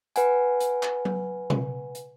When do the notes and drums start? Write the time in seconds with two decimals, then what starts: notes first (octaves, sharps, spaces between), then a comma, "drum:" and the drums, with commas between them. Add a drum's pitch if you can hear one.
0.16 B4 F#5 G#5, drum: hi-hat
0.60 drum: hi-hat
0.83 drum: clap
1.05 drum: tom F#3
1.50 drum: tom B2
1.95 drum: hi-hat